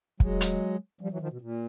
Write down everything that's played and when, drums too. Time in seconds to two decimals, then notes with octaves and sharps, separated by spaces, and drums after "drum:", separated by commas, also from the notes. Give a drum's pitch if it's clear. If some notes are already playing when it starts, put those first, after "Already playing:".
0.20 F#3 G#3, drum: kick
0.41 drum: hi-hat
1.01 F3 G3
1.11 E3 F#3
1.21 D#3 F3
1.31 B2
1.41 A#2